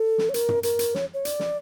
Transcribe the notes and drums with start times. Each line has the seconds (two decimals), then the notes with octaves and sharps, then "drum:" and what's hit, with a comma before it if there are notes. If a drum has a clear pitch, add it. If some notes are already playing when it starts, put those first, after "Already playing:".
Already playing: A4
0.18 drum: snare
0.29 C#5
0.34 A#4, drum: hi-hat
0.49 drum: tom
0.63 A#4, drum: hi-hat
0.79 drum: hi-hat
0.95 C#5, drum: snare
1.14 C#5
1.25 D5, drum: hi-hat
1.40 drum: snare